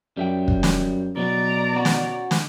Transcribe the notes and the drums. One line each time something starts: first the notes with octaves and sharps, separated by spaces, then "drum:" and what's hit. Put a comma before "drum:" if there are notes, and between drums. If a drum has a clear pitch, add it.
F#2 G3 E5 G5
drum: kick
drum: snare
B2 F#3 B3 D5 A#5
C#4 F#4
drum: snare
drum: snare